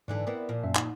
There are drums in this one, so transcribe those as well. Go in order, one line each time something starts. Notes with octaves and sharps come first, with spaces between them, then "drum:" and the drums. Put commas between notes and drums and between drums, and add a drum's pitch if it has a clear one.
G#2 D3 E3 D4
B3 C4 E4 A#4 D5
A#2 F3
F#2 E5
D#4, drum: clap